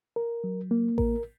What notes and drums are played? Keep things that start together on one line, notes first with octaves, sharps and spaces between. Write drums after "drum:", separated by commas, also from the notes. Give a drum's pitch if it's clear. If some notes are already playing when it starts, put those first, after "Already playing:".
A#4
F#3
A#3
A#4, drum: kick A1